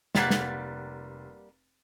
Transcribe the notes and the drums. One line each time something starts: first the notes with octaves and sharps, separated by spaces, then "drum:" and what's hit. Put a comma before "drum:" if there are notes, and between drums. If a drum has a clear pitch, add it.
F1 G3 A#3 F#5 A6 B6, drum: snare
drum: snare